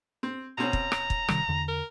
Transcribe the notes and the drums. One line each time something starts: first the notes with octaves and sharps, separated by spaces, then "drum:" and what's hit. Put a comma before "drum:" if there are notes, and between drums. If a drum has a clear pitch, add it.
C4
B2 C4 C#4 A#5
drum: kick
drum: rim click
drum: kick
C3 D#3 G3, drum: rim click
E2 D3
A#4